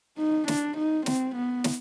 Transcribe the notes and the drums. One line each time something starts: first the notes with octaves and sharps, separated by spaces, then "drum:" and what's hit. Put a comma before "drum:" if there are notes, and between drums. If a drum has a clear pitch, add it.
D#4
D4, drum: snare
D#4
C4, drum: snare
B3
drum: snare